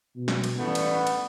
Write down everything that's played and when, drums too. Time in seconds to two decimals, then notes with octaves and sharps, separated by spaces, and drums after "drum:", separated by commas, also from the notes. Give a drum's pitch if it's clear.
0.16 B2
0.28 drum: snare
0.44 drum: cymbal
0.59 A1 G2 A3 B3
0.75 drum: cymbal
1.07 drum: cymbal